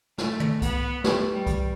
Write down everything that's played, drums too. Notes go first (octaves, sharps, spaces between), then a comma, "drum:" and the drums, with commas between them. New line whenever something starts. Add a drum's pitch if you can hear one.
A3, drum: snare
drum: tom
B3, drum: kick C2, hi-hat
A3 G4 B4, drum: snare
G3
drum: kick C2, hi-hat